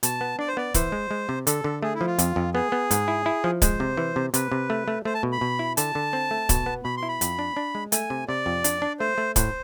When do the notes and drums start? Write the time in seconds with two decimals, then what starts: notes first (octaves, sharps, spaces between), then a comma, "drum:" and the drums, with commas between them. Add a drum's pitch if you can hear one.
0.03 B2 A5, drum: hi-hat
0.21 B3
0.39 D4 D5
0.48 C5
0.57 B3 D5
0.74 E3 C5, drum: kick C#1, hi-hat
0.92 G#3
1.11 G#3
1.29 C3
1.47 D3 A4, drum: hi-hat
1.64 D3
1.83 A3 G#4
1.95 E4
2.01 F3
2.07 F4
2.19 F2, drum: hi-hat
2.36 F2
2.54 B3 G#4
2.72 B3
2.91 G#2, drum: hi-hat
3.08 E4
3.26 E4
3.44 F3
3.62 G#3 C5, drum: kick C#1, hi-hat
3.80 C3
3.97 E3
4.16 C3
4.34 C3 B4, drum: hi-hat
4.52 C3
4.70 A3
4.88 A3
5.05 A3 C5
5.14 A5
5.23 B2
5.32 B5
5.41 B2
5.59 E4
5.77 D3 A5, drum: hi-hat
5.95 D3
6.13 C4
6.31 A3
6.49 B2, drum: kick C#1, hi-hat
6.66 B3
6.84 B2 B5
6.97 C6
7.03 E4
7.08 B5
7.21 F2, drum: hi-hat
7.39 D4
7.57 D4
7.75 G#3
7.92 A3 G#5, drum: hi-hat
8.10 C3
8.28 C3 D5
8.46 F2
8.64 D4, drum: hi-hat
8.82 D4
8.99 A3 C5
9.18 A3
9.36 A2 C5, drum: kick C#1, hi-hat